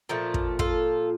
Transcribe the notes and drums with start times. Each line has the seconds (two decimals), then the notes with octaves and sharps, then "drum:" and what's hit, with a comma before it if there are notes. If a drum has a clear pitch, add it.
0.09 A#2 F3 A3
0.34 drum: kick
0.59 F4 A4, drum: kick